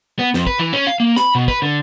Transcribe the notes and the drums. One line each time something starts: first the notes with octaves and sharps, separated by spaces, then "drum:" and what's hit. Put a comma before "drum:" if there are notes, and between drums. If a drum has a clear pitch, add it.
B3
F2, drum: snare
B4, drum: kick
E3
C#4
F5
A#3
B5, drum: snare
B2
B4, drum: kick
D3